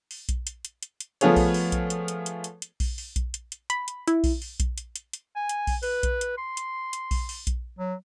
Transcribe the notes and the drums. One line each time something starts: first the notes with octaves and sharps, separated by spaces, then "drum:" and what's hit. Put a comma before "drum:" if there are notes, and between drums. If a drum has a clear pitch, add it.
drum: open hi-hat
drum: kick A#1, hi-hat
drum: hi-hat
drum: hi-hat
drum: hi-hat
drum: hi-hat
F3 A3 B3 F4 G#4 C#5, drum: hi-hat
drum: kick A#1, open hi-hat
drum: open hi-hat
drum: kick A#1, hi-hat
drum: hi-hat
drum: hi-hat
drum: hi-hat
drum: hi-hat
drum: hi-hat
drum: kick A#1, open hi-hat
drum: open hi-hat
drum: kick A#1, hi-hat
drum: hi-hat
drum: hi-hat
B5, drum: hi-hat
drum: hi-hat
E4, drum: hi-hat
drum: kick A#1, open hi-hat
drum: open hi-hat
drum: kick A#1, hi-hat
drum: hi-hat
drum: hi-hat
drum: hi-hat
G#5
drum: hi-hat
drum: kick A#1, open hi-hat
B4, drum: open hi-hat
drum: kick A#1, hi-hat
drum: hi-hat
C6
drum: hi-hat
drum: hi-hat
drum: kick A#1, open hi-hat
drum: open hi-hat
drum: kick A#1, hi-hat
F#3